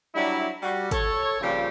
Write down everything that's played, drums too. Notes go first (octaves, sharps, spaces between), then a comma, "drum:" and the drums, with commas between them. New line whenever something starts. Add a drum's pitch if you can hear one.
F#3 G3 D4 E4
G3 F#4
A4 C#5, drum: kick, hi-hat
A#2 C#3 F3 G3 C4 G4